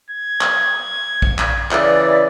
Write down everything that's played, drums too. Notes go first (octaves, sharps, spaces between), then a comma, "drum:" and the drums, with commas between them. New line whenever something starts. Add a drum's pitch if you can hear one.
G#6
drum: clap
drum: kick A#1
drum: clap
C#3 E3 D5, drum: clap